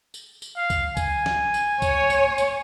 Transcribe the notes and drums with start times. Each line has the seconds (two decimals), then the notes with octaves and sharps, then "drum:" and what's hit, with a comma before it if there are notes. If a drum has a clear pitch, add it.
0.14 drum: tambourine
0.42 drum: tambourine
0.56 F5
0.70 drum: kick, tambourine
0.97 G#5, drum: kick, tambourine
1.26 drum: snare
1.54 drum: tambourine
1.82 C#5, drum: kick, tambourine
2.10 drum: tambourine
2.38 drum: tambourine